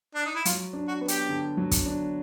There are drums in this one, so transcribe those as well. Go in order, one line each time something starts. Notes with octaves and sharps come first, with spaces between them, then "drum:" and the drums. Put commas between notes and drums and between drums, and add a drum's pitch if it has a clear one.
D4
D#4
E4
F#3 F4, drum: hi-hat
D4
F#4
B3
G4, drum: hi-hat
D3
F#3
drum: kick, hi-hat
D4